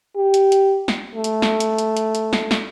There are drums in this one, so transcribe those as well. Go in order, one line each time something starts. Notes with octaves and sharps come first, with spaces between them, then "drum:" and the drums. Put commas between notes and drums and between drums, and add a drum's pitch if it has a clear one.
G4
drum: hi-hat
drum: hi-hat
drum: snare
A3
drum: hi-hat
drum: snare
drum: hi-hat
drum: hi-hat
drum: hi-hat
drum: hi-hat
drum: snare
drum: snare